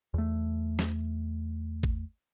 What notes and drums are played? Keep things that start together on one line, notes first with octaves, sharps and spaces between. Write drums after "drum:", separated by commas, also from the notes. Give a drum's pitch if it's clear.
E2 A3
drum: snare
drum: kick